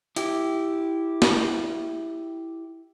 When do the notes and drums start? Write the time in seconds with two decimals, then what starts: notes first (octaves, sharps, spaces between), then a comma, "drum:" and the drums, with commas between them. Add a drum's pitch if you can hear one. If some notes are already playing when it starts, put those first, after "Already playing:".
0.16 E4 G4, drum: hi-hat
1.22 drum: snare